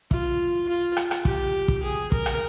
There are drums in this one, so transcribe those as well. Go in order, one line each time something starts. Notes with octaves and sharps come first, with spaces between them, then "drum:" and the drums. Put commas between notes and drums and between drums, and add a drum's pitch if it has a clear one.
F4, drum: kick
F4
drum: rim click
drum: rim click
G4, drum: kick
drum: kick
G#4
A#4, drum: kick
drum: rim click